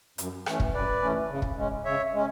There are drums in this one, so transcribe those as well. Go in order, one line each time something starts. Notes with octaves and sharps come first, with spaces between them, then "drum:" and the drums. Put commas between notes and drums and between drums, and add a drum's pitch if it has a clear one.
F#2, drum: hi-hat
E3 A3 C#4, drum: rim click
drum: kick
F#2 B4 D5
E3 A3 C#4
C#3
drum: kick
G#3 C#4
C#3 C#5 E5
G#3 C#4